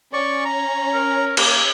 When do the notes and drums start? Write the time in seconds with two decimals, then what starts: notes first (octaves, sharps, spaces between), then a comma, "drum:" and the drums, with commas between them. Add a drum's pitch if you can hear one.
0.13 C#4 D5 C#6
0.45 A#5
0.94 A#4
1.37 A#3, drum: cymbal